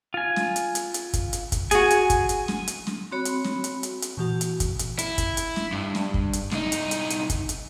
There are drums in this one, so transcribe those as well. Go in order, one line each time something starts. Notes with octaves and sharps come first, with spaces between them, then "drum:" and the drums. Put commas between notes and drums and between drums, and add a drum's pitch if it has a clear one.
F4 G#5
drum: snare
drum: hi-hat
drum: hi-hat
drum: hi-hat
drum: kick, hi-hat
drum: hi-hat
drum: kick, hi-hat
F#4 G#4 G#5, drum: hi-hat
drum: hi-hat
drum: kick, hi-hat
drum: hi-hat
drum: snare
drum: hi-hat
drum: snare
C4 F#4 C#5 B5
drum: hi-hat
drum: snare
drum: hi-hat
drum: hi-hat
drum: hi-hat
A#2 E3 F#4
drum: hi-hat
drum: kick, hi-hat
drum: hi-hat
E4, drum: hi-hat
drum: kick, hi-hat
drum: hi-hat
drum: snare
G2
drum: snare
drum: kick
drum: hi-hat
C2 D#4, drum: snare
drum: hi-hat
drum: hi-hat
drum: hi-hat
drum: kick, hi-hat
drum: hi-hat